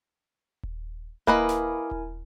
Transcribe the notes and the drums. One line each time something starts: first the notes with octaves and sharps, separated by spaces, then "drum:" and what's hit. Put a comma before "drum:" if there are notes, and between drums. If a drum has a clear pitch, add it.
drum: kick D#1
A#3 E4 A#4 B4 D#5 G#5, drum: kick D#1
drum: snare
drum: kick D#1